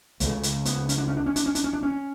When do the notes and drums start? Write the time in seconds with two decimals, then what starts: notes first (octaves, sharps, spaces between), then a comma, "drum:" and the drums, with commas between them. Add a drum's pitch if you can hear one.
0.20 C#2 C#3 A3, drum: hi-hat
0.43 drum: hi-hat
0.65 B3, drum: hi-hat
0.89 C#4, drum: hi-hat
0.98 D4
1.08 C#4
1.16 D4
1.26 C#4
1.36 D4, drum: hi-hat
1.46 C#4
1.55 D4, drum: hi-hat
1.64 C#4
1.73 D4
1.83 C#4